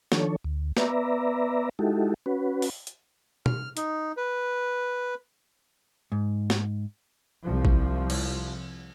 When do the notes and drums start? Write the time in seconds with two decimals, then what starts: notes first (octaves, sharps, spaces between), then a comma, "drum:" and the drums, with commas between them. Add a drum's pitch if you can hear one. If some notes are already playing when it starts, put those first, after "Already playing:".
0.12 D#3 F3 D4 A4 C#5, drum: snare
0.44 D2
0.77 B3 B4 D5 E5 A#5, drum: snare
1.79 G#3 D#4 E4 F#4 G4 A4
2.26 C#4 F#4 B4
2.62 drum: open hi-hat
2.87 drum: hi-hat
3.46 F6, drum: tom
3.77 D#4, drum: hi-hat
4.17 B4
6.12 G#2
6.50 drum: snare
7.45 C2 F3
7.65 drum: kick A1
8.10 drum: cymbal